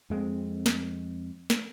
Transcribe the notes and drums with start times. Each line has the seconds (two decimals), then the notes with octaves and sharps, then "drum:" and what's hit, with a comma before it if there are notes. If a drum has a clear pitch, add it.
0.10 F2 G#3 C4
0.66 drum: snare
1.50 drum: snare